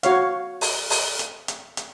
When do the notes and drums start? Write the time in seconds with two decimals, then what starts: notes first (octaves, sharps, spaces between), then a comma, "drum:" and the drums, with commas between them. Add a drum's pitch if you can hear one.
0.03 F#4 C#5 F5, drum: hi-hat
0.61 drum: open hi-hat
0.90 drum: open hi-hat
1.19 drum: hi-hat
1.48 drum: hi-hat
1.77 drum: hi-hat